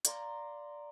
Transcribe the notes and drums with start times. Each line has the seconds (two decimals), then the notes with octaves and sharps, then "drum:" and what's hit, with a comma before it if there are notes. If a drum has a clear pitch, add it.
0.05 D5 F5 A#5 C6, drum: hi-hat